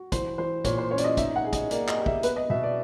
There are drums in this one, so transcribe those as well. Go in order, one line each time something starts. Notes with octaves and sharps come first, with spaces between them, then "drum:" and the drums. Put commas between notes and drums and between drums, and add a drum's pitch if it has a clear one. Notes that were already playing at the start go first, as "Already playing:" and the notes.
Already playing: F#4
E3 C5, drum: kick, hi-hat
E3 C5
A#2 C#5, drum: kick, hi-hat
C5
C#4 C#5
D5, drum: hi-hat
D#5
D#4 E5, drum: kick, hi-hat
F#5
G#4
D#5, drum: kick, hi-hat
A#3 D5, drum: hi-hat
D#5, drum: clap
G4
E5, drum: kick
B3 B4, drum: hi-hat
D#5
B2 E5
D5